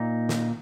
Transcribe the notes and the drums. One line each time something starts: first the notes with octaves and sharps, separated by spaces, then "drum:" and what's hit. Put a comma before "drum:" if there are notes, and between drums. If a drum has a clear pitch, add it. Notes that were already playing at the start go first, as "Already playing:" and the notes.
Already playing: A#2 A#3 D#4
drum: snare